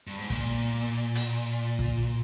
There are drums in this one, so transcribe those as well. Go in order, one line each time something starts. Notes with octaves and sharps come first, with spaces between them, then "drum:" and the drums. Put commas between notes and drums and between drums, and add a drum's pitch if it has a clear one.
G2
G#2
A#2, drum: kick
drum: hi-hat
drum: kick